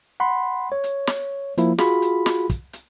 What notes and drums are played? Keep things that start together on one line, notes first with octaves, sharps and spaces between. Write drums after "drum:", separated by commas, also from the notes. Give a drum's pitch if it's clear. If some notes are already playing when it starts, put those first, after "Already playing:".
F#5 B5 C6
C#5
drum: hi-hat
drum: snare
F3 A#3 E4, drum: hi-hat
F4 F#4 G#4 B5, drum: snare
drum: hi-hat
drum: snare
drum: kick, hi-hat
drum: hi-hat